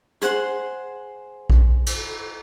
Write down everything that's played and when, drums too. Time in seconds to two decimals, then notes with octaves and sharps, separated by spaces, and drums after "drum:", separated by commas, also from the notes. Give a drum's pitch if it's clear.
0.22 G#4 C5 F#5 C6, drum: hi-hat
1.50 drum: kick A#1
1.86 drum: cymbal